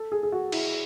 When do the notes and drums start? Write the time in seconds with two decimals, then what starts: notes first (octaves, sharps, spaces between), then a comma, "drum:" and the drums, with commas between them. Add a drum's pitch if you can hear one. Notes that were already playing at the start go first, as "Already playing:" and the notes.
Already playing: A4
0.12 G#4
0.23 G#4
0.32 F#4
0.52 E4, drum: cymbal